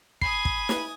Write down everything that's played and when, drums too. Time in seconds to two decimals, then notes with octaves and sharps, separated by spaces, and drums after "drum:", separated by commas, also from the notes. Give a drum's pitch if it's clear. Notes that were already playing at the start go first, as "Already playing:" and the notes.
0.22 G#5 B5 D#6 C7, drum: kick
0.45 drum: kick
0.69 drum: snare